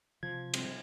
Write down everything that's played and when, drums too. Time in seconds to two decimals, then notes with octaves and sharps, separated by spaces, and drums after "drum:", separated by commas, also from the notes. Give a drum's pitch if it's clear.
0.23 C3 F3 G#6
0.54 G#2 G3 C4, drum: cymbal